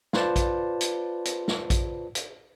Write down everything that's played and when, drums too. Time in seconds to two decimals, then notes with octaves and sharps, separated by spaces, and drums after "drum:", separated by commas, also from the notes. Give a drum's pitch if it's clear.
0.13 F4 B4 C5 D5 A5, drum: snare
0.36 drum: kick A#1, hi-hat
0.81 drum: hi-hat
1.25 drum: hi-hat
1.48 drum: snare
1.70 drum: kick A#1, hi-hat
2.15 drum: hi-hat